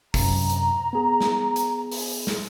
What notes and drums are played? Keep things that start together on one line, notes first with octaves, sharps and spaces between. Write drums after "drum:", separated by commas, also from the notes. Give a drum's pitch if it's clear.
F#2 C3 A#5, drum: kick, open hi-hat
drum: hi-hat
B3 G#4
drum: snare
drum: hi-hat
drum: open hi-hat
drum: snare